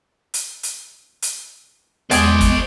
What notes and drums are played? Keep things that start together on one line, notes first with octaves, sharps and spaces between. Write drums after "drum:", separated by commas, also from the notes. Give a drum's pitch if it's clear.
drum: hi-hat
drum: hi-hat
drum: hi-hat
E2 G#3 G#4 C5 D5 G#5 A5, drum: hi-hat
drum: kick, hi-hat